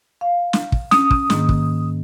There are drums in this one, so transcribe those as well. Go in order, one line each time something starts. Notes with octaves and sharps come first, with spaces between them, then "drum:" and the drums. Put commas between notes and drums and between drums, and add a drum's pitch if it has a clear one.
F5
drum: snare
drum: kick
C#4 D#6, drum: snare
drum: kick
G#2 D#3 A#3, drum: snare
drum: kick